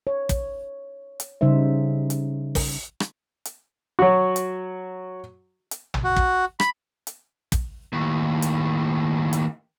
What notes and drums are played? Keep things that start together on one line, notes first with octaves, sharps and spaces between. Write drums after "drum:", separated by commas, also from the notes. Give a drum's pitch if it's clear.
C#5
drum: kick, hi-hat
drum: hi-hat
C#3 G3 D#4 C5 E5
drum: hi-hat
drum: kick, open hi-hat
drum: rim click
drum: hi-hat
F#3 F#4
drum: hi-hat
drum: hi-hat
drum: tom
F#4
drum: kick
B5, drum: rim click
drum: hi-hat
drum: kick, hi-hat
D#2 A2
drum: hi-hat
drum: hi-hat